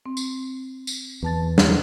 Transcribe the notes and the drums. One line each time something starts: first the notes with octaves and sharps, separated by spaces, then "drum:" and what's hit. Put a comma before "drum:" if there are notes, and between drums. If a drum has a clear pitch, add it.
C4
drum: tambourine
drum: tambourine
E2 B4 A5 A6
drum: snare